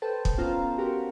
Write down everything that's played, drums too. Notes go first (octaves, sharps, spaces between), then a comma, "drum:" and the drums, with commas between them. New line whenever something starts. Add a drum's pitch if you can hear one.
A4 B4 C5 G5 A5
drum: kick
B3 C#4 F4 C5 F5 A#5
F#4 G4 A#4 C5